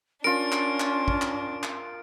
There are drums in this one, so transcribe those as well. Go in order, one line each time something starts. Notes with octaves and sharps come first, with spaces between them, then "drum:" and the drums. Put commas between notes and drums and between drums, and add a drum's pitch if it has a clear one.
C#4 D4 F4 A#4 D7
drum: clap
drum: clap
drum: kick
drum: clap
drum: clap